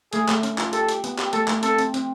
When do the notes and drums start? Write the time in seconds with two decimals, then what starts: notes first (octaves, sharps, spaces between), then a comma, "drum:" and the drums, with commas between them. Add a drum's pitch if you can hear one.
0.13 A3 G#4, drum: hi-hat
0.28 A3, drum: clap
0.43 C#4, drum: hi-hat
0.58 F4, drum: clap
0.73 G4 A4, drum: hi-hat
0.89 G4, drum: hi-hat
1.04 B3, drum: hi-hat
1.18 G4, drum: clap
1.33 A3 A4, drum: hi-hat
1.48 A3, drum: clap
1.63 C4 A4, drum: hi-hat
1.79 C4, drum: hi-hat
1.94 C4, drum: hi-hat